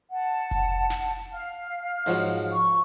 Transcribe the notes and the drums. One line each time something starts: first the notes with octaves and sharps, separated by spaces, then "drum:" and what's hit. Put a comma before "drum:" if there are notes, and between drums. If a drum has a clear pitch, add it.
F#5 A5
drum: kick F1, hi-hat
drum: snare
F5 F6
G#2 F3 F#3, drum: hi-hat
C#6